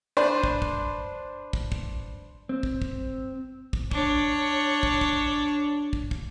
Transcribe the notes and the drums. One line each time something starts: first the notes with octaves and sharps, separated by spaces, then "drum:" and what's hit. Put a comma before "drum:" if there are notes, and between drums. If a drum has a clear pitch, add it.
D4 B4 C5
drum: kick
drum: kick
drum: kick
drum: kick
C4
drum: kick
drum: kick
drum: kick
D4 C#5, drum: kick
drum: kick
drum: kick
drum: kick
drum: kick